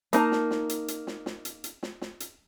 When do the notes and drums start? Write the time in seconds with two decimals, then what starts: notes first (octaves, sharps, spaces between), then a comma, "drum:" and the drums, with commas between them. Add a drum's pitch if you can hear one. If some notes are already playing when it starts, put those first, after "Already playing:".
0.13 A#3 D#4 A5, drum: hi-hat
0.32 drum: snare
0.51 drum: snare
0.69 drum: hi-hat
0.88 drum: hi-hat
1.07 drum: snare
1.26 drum: snare
1.45 drum: hi-hat
1.64 drum: hi-hat
1.83 drum: snare
2.01 drum: snare
2.20 drum: hi-hat